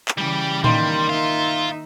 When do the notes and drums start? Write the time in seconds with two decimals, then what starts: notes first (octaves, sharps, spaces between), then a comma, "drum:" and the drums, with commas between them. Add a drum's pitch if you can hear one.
0.08 drum: clap
0.18 C#3 E3 G3 G4
0.64 D#3 G3 A#3 C6, drum: tom A2
1.09 D#4 F4 E5